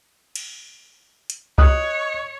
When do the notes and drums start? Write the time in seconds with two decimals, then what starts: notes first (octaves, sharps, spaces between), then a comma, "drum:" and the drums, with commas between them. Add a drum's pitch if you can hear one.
0.36 drum: cymbal
1.30 drum: hi-hat
1.58 C#5 D#5 D#6 F#6, drum: kick